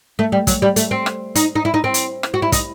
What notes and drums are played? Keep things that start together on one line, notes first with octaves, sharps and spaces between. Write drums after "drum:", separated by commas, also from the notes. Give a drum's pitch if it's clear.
A3
G3
F#3, drum: kick, hi-hat
G3
A3, drum: hi-hat
C4
drum: rim click
D#4, drum: hi-hat
D#4
E4
D#4
C4
drum: hi-hat
drum: rim click
F#4
E4
D#4, drum: kick, hi-hat